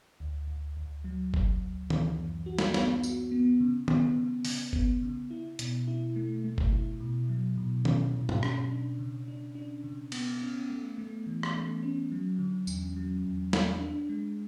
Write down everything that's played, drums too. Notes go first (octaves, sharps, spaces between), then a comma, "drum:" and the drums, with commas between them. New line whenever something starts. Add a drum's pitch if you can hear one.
D2
D2
D2
F#3
D2, drum: kick G1
D2
E3, drum: tom D#3
F#2
F#4
drum: snare
B3, drum: snare
F#4, drum: tambourine
B3
C#3
B3, drum: tom D#3
C#3
C#3, drum: open hi-hat
B3, drum: kick G1
C#3
E4
B2, drum: hi-hat
E4
A3
A3
drum: kick G1
E4
B2
F#3
B2
C#4, drum: tom D#3
B2
drum: tom G2
C#4, drum: rim click
D4
C#3
D4
D4
C#3
B3, drum: cymbal
C#4
A3
A3
E3
drum: rim click
A3
C#4
F#3
D3
E2, drum: tambourine
F#3
E2
E2, drum: snare
D4
G#3